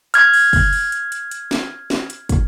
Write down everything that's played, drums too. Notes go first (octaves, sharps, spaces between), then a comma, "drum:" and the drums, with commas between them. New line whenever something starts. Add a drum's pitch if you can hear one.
F6 G#6, drum: hi-hat
drum: open hi-hat
drum: kick, open hi-hat
drum: open hi-hat
drum: hi-hat
drum: hi-hat
drum: hi-hat
drum: snare
drum: snare
drum: hi-hat
drum: kick, hi-hat